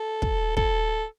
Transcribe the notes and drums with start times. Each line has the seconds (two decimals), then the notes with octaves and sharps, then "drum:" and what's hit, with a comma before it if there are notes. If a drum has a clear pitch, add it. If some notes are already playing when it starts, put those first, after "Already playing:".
Already playing: A4
0.22 drum: kick
0.57 A4, drum: kick